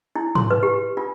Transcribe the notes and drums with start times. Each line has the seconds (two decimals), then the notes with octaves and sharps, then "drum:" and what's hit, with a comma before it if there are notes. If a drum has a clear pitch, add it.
0.16 E4
0.35 C6, drum: tom
0.51 B4
0.63 G4
0.97 F4